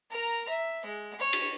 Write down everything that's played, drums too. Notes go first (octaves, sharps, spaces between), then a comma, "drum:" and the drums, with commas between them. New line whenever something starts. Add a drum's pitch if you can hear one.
A#4 A#5
E5
G#3
C#5
drum: cymbal